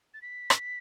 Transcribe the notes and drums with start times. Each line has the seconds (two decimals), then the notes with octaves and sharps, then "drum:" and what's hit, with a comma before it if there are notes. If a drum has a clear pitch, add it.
0.14 A6
0.22 B6
0.50 drum: rim click